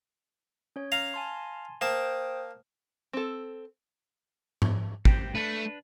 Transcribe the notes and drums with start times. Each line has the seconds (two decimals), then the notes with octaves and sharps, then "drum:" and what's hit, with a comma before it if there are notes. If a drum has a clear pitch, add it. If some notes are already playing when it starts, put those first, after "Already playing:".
0.76 C#4 C#5
0.92 F5 A#5
1.14 G#5 A5 C6
1.81 A#3 C5 G5 A5 D#6
3.13 C4 A4
4.62 drum: tom G#2
5.05 C4 G4, drum: kick
5.35 A3 D4 B4